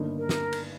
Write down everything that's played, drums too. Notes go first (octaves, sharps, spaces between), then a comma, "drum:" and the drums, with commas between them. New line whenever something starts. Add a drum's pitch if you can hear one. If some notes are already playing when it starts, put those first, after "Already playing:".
Already playing: G1 G2 D#3 A#3 D#4
A#4
drum: snare
drum: cymbal